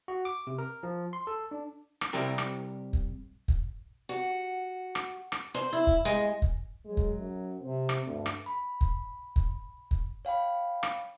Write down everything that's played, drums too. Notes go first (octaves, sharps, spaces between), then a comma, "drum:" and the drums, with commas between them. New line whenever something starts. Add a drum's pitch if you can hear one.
F#4
D6
C3
A#4
F3
C6
A4
D4
drum: rim click
C3 G3 G4 A#4
drum: rim click
drum: kick
drum: kick
F#4
drum: rim click
drum: rim click
C5
E4
drum: kick
G#3
drum: kick
F#3 G#3
drum: kick
F#2
C3 C4
drum: rim click
D2 G2
drum: rim click
B5
drum: kick
drum: kick
drum: kick
C#5 F5 G5 B5
drum: rim click